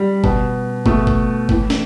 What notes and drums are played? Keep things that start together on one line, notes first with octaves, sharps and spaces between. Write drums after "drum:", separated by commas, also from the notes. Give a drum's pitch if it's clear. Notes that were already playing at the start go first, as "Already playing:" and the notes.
Already playing: G3
B2, drum: kick
B2 A3, drum: kick
drum: kick
A2 E3, drum: kick
drum: snare